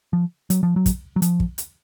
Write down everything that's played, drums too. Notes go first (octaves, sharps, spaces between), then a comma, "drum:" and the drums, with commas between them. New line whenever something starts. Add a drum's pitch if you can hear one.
F3
F#3, drum: hi-hat
F3
F#3
drum: kick, hi-hat
F#3
F3, drum: hi-hat
drum: kick
drum: hi-hat